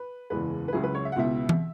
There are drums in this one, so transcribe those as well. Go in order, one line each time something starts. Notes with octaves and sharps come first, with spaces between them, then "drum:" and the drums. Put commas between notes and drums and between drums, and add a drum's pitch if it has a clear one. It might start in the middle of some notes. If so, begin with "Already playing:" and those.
Already playing: B4
F#1 E2 E3 G#3 B4
B4
C#2 C#3 F#3 E4 G#4
B4
C#5
E5
F#5
C#2 B2 B3 E4 E5
drum: tom E3